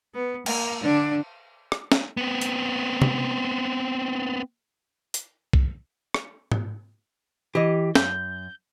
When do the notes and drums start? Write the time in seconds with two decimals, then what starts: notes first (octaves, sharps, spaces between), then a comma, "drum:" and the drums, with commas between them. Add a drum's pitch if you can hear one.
0.14 B3
0.46 A#3, drum: cymbal
0.82 D3 D4
1.72 drum: rim click
1.92 drum: snare
2.17 B3 C4
2.41 drum: hi-hat
3.02 drum: tom
5.14 drum: hi-hat
5.53 drum: kick
6.14 drum: rim click
6.52 drum: tom
7.55 E3 G4 D#5
7.95 F#2 G6, drum: snare